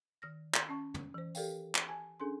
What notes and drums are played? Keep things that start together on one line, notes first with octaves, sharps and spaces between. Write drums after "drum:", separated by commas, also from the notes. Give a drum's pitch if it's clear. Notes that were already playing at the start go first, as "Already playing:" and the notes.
D#3 F6 A#6
drum: clap
C#4 A5 C#6
drum: tom
E3 C5
G4 A4 A#4 D5 F5 G5, drum: tambourine
drum: clap
G#5 A5 G#6
C#4 D4 G#4 A4 G#5 C6